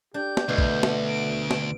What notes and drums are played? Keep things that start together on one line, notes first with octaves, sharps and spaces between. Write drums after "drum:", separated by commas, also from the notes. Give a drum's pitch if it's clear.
D4 G4 G6
drum: snare
D2 B2 A3
drum: kick
drum: snare
D7
drum: snare